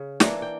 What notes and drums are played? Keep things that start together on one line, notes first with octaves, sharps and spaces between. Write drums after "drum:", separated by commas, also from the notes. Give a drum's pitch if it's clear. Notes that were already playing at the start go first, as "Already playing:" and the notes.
Already playing: C#3
E3 A#3 D4, drum: snare
G5